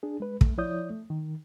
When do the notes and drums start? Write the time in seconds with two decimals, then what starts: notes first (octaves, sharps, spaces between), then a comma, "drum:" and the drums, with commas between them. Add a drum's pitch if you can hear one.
0.03 D4 G#4
0.20 G#3 B4
0.41 A3, drum: kick
0.58 F3 E4 C#5 D5 D#6 G6
0.90 A3
1.10 D#3